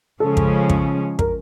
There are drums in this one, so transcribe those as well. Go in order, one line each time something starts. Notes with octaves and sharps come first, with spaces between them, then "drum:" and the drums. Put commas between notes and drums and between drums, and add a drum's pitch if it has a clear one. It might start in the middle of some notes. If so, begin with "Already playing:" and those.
C#3 F3 G#3 C#4 A4
drum: kick
drum: kick
A#4, drum: kick